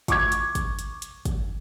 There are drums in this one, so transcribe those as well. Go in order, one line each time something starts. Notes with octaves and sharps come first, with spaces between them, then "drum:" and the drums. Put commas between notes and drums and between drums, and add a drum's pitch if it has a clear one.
C#6 D6 G#6, drum: kick, hi-hat
drum: hi-hat
drum: kick, hi-hat
drum: hi-hat
drum: hi-hat
drum: kick, hi-hat